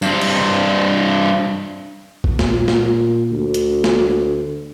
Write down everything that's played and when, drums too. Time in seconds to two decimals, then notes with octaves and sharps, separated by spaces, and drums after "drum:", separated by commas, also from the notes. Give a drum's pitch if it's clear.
0.02 G2 C4, drum: tambourine
0.21 drum: cymbal
2.24 drum: kick
2.39 A#2, drum: snare
2.68 drum: snare
3.31 D2
3.54 drum: hi-hat
3.84 drum: snare